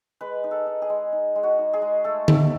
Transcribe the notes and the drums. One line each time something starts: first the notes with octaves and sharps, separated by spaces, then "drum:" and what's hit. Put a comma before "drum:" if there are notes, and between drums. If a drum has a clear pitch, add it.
G#3 B4
D#4
A4
D#4
G#4
G#3
D#4
G#3
F#4
D#4
G#4
G#3
A3 A4
A3, drum: tom D3
A4